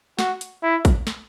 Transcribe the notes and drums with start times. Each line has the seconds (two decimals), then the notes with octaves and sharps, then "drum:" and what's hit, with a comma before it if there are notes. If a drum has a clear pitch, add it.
0.19 F#4, drum: snare
0.41 drum: hi-hat
0.63 E4
0.85 drum: kick, hi-hat
1.07 drum: snare